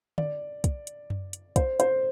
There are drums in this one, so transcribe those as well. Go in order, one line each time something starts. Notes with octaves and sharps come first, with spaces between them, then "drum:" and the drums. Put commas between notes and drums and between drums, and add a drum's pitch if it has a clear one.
D5, drum: tom D3
drum: kick, hi-hat
drum: hi-hat
drum: tom F#2
drum: hi-hat
C5, drum: kick, hi-hat
C5, drum: hi-hat